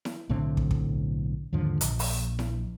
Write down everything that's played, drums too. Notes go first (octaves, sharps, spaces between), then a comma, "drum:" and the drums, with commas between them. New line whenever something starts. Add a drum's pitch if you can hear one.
drum: snare E4
B1 A2 D3 C4
drum: kick
drum: kick
D#2 G#2 D3 F3
A#1, drum: hi-hat
drum: open hi-hat
drum: snare E4